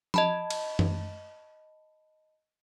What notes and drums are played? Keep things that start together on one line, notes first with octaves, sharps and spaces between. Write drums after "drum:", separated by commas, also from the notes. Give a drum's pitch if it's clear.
D#5 A5 B5, drum: tom F3
drum: cymbal
drum: tom F#2